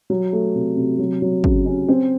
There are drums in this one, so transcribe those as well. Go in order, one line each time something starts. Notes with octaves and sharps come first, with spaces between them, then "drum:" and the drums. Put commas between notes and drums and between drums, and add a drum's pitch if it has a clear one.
F#3
A3
C3
C3
F#3
F#3
C#3, drum: kick
C#4
C4